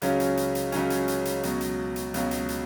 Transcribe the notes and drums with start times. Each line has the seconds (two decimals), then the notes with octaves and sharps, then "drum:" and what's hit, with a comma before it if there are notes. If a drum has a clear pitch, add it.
0.02 C#2 C#3 F#3 C#4, drum: hi-hat
0.20 drum: hi-hat
0.37 drum: hi-hat
0.55 drum: hi-hat
0.72 C#2 C#3 F#3 C#4, drum: hi-hat
0.90 drum: hi-hat
1.08 drum: hi-hat
1.25 drum: hi-hat
1.43 C#2 B2 F#3, drum: hi-hat
1.61 drum: hi-hat
1.96 drum: hi-hat
2.14 C#2 B2 F#3, drum: hi-hat
2.31 drum: hi-hat
2.49 drum: hi-hat